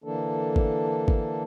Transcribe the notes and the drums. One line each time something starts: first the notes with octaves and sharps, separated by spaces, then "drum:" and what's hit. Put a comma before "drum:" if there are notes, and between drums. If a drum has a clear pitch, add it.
D3 E3 A#3 D4 A4
drum: kick G#1
drum: kick G#1